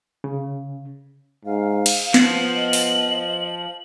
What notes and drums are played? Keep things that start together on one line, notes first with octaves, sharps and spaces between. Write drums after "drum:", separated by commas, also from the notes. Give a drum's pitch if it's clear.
C#3
G#2 F5
drum: cymbal
F3 B3 F#7, drum: snare
D#5
drum: open hi-hat